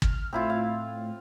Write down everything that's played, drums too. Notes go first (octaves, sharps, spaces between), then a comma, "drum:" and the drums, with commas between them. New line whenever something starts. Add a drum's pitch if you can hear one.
F6, drum: kick
A2 C4 E4 F4
F5